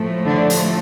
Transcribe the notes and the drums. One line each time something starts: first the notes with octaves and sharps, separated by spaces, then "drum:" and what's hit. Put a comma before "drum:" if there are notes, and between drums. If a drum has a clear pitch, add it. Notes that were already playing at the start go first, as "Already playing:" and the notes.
Already playing: A2 F3 A3
D3 D4
drum: hi-hat